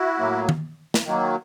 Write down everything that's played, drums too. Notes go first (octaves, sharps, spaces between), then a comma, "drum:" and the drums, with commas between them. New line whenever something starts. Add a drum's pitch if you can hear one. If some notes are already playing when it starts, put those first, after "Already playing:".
Already playing: E4 F#4
A2 F#3 A#3
drum: tom D#3
drum: snare
D#3 F#3 A#3